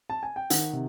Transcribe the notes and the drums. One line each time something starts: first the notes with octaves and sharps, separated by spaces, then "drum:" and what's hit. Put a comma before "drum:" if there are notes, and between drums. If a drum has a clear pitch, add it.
A5
G#5
G5
D#3 F#5, drum: hi-hat
C3